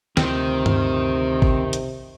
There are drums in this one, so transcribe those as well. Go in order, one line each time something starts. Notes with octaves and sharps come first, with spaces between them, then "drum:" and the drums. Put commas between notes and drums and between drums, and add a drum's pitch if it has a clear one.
D2 C3 D#3 F3 C4, drum: snare
drum: tom G2
drum: kick
drum: hi-hat